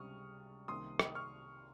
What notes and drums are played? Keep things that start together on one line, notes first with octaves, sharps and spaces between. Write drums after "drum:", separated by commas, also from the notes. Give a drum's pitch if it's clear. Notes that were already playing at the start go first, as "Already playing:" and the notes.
Already playing: C#2 C3 G3 C#6 D#6 F6
C2 C3 D#3 A#3 C6 D#6
drum: rim click
C#6 F6